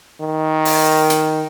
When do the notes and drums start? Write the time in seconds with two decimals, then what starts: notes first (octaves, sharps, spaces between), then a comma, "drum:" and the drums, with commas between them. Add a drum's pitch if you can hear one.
0.20 D#3
0.65 drum: open hi-hat
1.10 drum: hi-hat